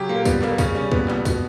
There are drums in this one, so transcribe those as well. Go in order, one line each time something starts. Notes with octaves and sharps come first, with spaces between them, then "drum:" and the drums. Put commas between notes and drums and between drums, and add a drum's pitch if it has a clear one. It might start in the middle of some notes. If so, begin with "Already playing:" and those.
Already playing: C#3 F#3 G4
A#2 A#3
G3 B3, drum: kick, tambourine
G3 A#3, drum: clap
C#3 C#4, drum: kick, tambourine
G3 C#4
A#2 B3, drum: kick
G3, drum: clap
B2, drum: kick, tambourine